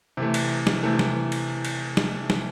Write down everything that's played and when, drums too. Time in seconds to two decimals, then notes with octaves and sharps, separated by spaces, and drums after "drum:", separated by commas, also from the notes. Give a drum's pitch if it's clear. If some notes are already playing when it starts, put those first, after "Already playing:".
0.17 C3 E3 A3
0.34 drum: cymbal
0.67 drum: snare
0.83 C3 E3 A3
0.99 drum: snare
1.32 drum: cymbal
1.65 drum: cymbal
1.97 drum: snare
2.30 drum: snare